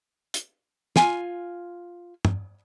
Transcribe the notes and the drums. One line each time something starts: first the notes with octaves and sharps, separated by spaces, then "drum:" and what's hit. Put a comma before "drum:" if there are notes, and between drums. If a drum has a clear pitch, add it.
drum: hi-hat
F4 G#5, drum: snare
drum: tom